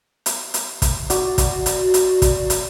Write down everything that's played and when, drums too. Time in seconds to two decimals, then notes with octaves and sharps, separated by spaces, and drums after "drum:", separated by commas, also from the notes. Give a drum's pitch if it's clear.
0.26 drum: hi-hat
0.54 drum: hi-hat
0.82 drum: kick, hi-hat
1.10 F#4 D5, drum: hi-hat
1.38 drum: kick, hi-hat
1.66 drum: hi-hat
1.94 drum: hi-hat
2.22 drum: kick, hi-hat
2.50 drum: hi-hat